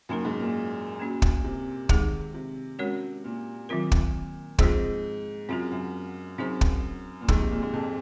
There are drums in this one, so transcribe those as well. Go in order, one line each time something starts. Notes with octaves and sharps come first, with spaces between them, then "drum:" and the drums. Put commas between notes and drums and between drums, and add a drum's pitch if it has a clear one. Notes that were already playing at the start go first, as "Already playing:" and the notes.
F#2 A#3 D#4 A#4
G#2
A#2
A#3 C#4 F#4
drum: kick
C3
D#3 G#3 D#4 G#4, drum: kick
C3
G#3 C#4 F#4 A#4 C#5
A#2
D#3 F#3 C4 F4 A#4
drum: kick
G#2 F3 C4 F4 G#4 C5, drum: kick
F#2 C4 F4 G#4
F#2
F#2 C4 D#4 G#4 C5
drum: kick
A#2
G#2 F3 A#3 D#4, drum: kick
C3
A#2
G#2
F2